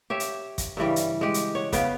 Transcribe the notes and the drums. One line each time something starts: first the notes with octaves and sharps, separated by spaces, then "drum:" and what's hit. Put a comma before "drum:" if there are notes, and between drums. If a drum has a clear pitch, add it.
G4 C#5 E5
drum: hi-hat
drum: kick, hi-hat
G2 C#3 E3 G3
drum: hi-hat
G#3 G4
drum: hi-hat
C#5 F#5
C#3 B3 F5 G5, drum: kick, hi-hat